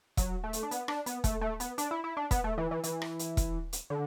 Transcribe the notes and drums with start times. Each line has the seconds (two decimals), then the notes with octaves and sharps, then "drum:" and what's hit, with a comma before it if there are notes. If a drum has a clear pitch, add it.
0.17 F#3, drum: kick E1, hi-hat
0.44 A3
0.53 drum: hi-hat
0.63 D4
0.71 B3, drum: hi-hat
0.88 D4, drum: rim click
1.06 B3, drum: hi-hat
1.24 A3, drum: kick E1, hi-hat
1.41 A3
1.60 B3, drum: hi-hat
1.78 D4, drum: hi-hat
1.91 E4
2.04 E4
2.17 D4
2.31 B3, drum: kick E1, hi-hat
2.44 A3
2.58 E3
2.71 E3
2.84 E3, drum: hi-hat
3.02 drum: rim click
3.19 drum: hi-hat
3.37 drum: kick E1, hi-hat
3.73 drum: hi-hat
3.90 D3